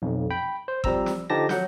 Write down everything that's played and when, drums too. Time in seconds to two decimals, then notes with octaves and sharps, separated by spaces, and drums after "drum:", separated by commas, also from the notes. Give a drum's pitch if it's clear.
0.02 B1 F2
0.31 G5 B5
0.68 C5
0.84 F3 G3 C4 A#5 E6, drum: kick G1
1.06 drum: snare
1.30 D3 F3 D#4 G4 A5 A#6
1.49 F#3 F#5 G6, drum: snare